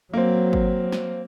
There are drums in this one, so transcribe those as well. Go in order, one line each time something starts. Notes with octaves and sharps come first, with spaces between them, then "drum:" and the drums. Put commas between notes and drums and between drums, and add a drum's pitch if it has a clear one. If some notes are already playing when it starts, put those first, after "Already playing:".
F#3 A#3 C4
drum: kick
drum: snare